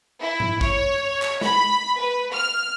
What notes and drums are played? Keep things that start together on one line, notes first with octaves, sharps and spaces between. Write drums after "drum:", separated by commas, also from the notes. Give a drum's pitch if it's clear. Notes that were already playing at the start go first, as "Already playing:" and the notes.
E4
drum: tom G#2
C#5, drum: kick
drum: clap
B5, drum: snare
B4
F6